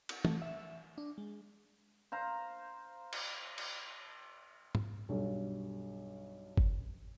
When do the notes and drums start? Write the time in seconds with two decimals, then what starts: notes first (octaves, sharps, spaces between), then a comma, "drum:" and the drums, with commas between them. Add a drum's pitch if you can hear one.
0.09 drum: cymbal
0.25 A3, drum: tom
0.42 E5
0.98 D4
1.18 G#3
2.12 C5 F5 A#5
3.13 drum: cymbal
3.58 drum: cymbal
4.75 drum: tom G#2
5.09 B1 G2
6.57 drum: kick F#1